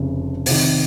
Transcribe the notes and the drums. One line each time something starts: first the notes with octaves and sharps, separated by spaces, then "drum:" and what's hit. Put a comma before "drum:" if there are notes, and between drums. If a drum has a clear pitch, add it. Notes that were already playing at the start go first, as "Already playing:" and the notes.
Already playing: F1 F2 C#3
C2 C3 D#3, drum: open hi-hat